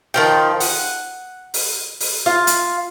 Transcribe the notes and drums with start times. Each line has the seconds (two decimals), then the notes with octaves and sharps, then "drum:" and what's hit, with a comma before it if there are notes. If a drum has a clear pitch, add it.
0.14 D#3 F3 G5
0.60 F#5, drum: open hi-hat
1.54 drum: open hi-hat
2.00 drum: open hi-hat
2.26 F4
2.47 drum: hi-hat